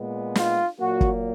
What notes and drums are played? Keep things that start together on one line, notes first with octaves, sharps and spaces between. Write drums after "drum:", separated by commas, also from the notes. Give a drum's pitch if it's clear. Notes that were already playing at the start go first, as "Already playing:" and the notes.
Already playing: A#2 G#3 B3
F4, drum: snare
A#2 F#3 A#3 F#4
drum: kick